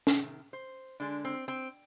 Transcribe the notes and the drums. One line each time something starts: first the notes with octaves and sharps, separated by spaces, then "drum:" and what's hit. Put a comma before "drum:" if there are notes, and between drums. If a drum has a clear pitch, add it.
C3 D#3, drum: snare
C5
D3 G#3 D4
C4
C4